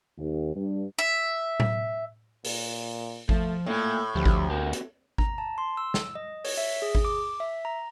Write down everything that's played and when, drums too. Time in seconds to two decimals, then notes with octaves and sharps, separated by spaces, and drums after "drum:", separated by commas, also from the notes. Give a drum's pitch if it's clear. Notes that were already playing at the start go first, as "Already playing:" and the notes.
0.18 D#2
0.55 G2
0.99 E5
1.60 drum: tom A2
2.45 A#2, drum: open hi-hat
3.29 F3 A3, drum: kick G#1
3.66 A2 A3 A#3 F4
4.15 D2 F3 G4
4.25 drum: kick G#1
4.50 C4 F#4 G4 A#4
4.73 drum: hi-hat
5.18 A#5, drum: kick G#1
5.38 A5
5.58 C6
5.77 E6
5.94 drum: snare
6.15 D#5
6.45 C#5, drum: open hi-hat
6.58 E5
6.82 G#4
6.95 drum: kick G#1
7.05 D6
7.40 E5
7.65 A#5